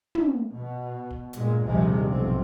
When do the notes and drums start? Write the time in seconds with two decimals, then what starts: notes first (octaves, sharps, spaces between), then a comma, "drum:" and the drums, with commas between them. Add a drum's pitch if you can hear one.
0.15 drum: tom
0.52 B2
1.11 drum: kick
1.33 G2 A#2 G#3, drum: hi-hat
1.65 A#1 D#2 C3 F3 G3 G#3
2.09 B1 G#2 C3 F3 C4